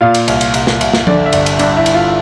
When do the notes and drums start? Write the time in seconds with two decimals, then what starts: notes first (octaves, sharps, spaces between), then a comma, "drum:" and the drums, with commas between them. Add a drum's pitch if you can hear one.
0.01 A#2 F4 F5
0.14 drum: cymbal
0.28 C2, drum: cymbal
0.41 drum: cymbal
0.54 C2, drum: cymbal
0.67 drum: snare
0.81 C2, drum: cymbal
0.93 drum: snare
1.07 D3 D5, drum: tom F3
1.26 E5
1.32 G1 D5, drum: cymbal
1.46 drum: cymbal
1.59 G2 D5, drum: cymbal
1.76 E4 E5
1.86 G2, drum: cymbal
1.94 F4 F5